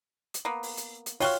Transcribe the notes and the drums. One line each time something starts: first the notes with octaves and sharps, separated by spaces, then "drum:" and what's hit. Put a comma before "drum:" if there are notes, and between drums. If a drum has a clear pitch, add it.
drum: hi-hat
A#3 B3
drum: open hi-hat
drum: hi-hat
drum: hi-hat
F4 F#4 C#5 F5 G5 G7, drum: open hi-hat